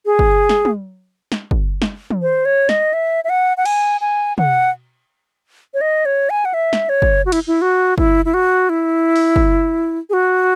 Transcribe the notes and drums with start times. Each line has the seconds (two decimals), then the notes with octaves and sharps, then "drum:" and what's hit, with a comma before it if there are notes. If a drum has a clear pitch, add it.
0.06 G#4
0.19 drum: kick
0.49 drum: snare
0.65 drum: tom
1.32 drum: snare
1.51 drum: kick
1.82 drum: snare
2.10 drum: tom
2.22 C5
2.45 C#5
2.69 D#5, drum: snare
2.93 E5
3.24 E5
3.29 F#5
3.57 F#5
3.65 G#5, drum: cymbal
4.01 G#5
4.38 F#5, drum: tom
5.74 C#5
5.81 D#5
6.05 C#5
6.30 G#5
6.45 F#5
6.54 E5
6.73 drum: snare
6.89 C#5
7.02 drum: kick
7.26 F#4
7.32 E4, drum: cymbal
7.47 E4
7.62 F#4
7.98 E4, drum: kick
8.25 E4
8.34 F#4
8.69 E4
9.16 drum: open hi-hat
9.36 drum: kick
10.10 G#4
10.13 F#4